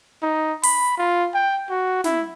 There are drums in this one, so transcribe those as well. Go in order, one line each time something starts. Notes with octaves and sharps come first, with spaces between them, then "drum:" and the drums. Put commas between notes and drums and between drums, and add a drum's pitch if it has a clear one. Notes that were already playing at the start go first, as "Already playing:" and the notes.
D#4
B5, drum: open hi-hat
F4
G5
F#4
E4, drum: snare